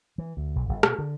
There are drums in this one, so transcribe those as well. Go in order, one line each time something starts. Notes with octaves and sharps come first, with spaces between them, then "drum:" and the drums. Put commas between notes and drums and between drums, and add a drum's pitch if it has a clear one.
E3
D2
B1
G1
B2, drum: rim click
D3